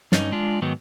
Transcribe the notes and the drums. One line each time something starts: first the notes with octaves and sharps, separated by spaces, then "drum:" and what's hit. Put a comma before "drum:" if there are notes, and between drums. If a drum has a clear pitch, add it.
G2 C#4 D#4, drum: snare
G#3 D4 F4
G#2 D#3 F#3 B3 D#4